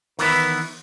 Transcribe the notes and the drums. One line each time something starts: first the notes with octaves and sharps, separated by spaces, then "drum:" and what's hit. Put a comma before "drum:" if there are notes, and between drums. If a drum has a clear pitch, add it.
D#3 E3 B3 E4, drum: open hi-hat